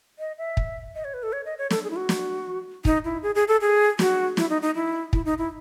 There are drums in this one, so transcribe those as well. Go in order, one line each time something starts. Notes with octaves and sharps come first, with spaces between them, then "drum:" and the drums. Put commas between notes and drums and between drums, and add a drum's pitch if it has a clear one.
D#5
E5
drum: kick
D#5
C#5
B4
A4
C#5
D#5
C#5
A4, drum: snare
G#4
E4
F#4
drum: snare
D#4, drum: kick
E4
G#4
G#4
A4
G#4
F#4, drum: snare
E4, drum: snare
D#4
D#4
E4
E4, drum: kick
D#4
E4